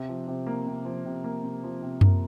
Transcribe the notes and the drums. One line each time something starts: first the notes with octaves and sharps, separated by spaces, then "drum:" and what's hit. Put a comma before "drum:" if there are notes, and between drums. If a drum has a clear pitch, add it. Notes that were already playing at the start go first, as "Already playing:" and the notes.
Already playing: C3
F3
C3
A#3
C3
F3
C3
A#3
C3
F3
C3
A#3, drum: tom F#2